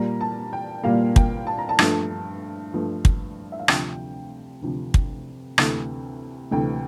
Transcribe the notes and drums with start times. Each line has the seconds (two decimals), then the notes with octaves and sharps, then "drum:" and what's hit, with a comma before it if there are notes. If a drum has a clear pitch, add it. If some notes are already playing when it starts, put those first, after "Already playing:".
Already playing: A#2 G3 A#3 A#5
0.21 A5
0.53 G5
0.83 A#2 G3 A#3 F5
1.16 G5, drum: kick
1.47 A5
1.58 A#5
1.69 A5
1.79 G2 F3 A3, drum: rim click
2.74 G2 F3 A3
3.05 drum: kick
3.52 E5
3.59 F5
3.68 D2 C3 F3 G5, drum: rim click
4.62 D2 C3 F3
4.94 drum: kick
5.58 D2 C3 E3 A3, drum: rim click
6.51 D2 C3 E3 A3 G5